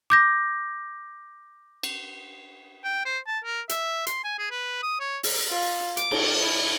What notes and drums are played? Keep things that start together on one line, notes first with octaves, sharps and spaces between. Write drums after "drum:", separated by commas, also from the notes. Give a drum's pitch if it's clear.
D6 G6 A#6
drum: cymbal
G5
C5
A5
A#4
E5, drum: hi-hat
C6, drum: hi-hat
G#5
G#4
B4
D#6
C#5
drum: open hi-hat
F4
D6, drum: hi-hat
drum: cymbal
E4